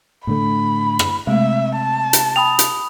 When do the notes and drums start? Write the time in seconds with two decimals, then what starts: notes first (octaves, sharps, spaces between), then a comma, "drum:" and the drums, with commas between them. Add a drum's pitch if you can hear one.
0.27 A2 D3 A3 B5
0.99 drum: rim click
1.27 C3 G#3 A3 E5
1.76 A5
2.13 drum: hi-hat
2.36 G5 B5 D#6 F7
2.59 drum: hi-hat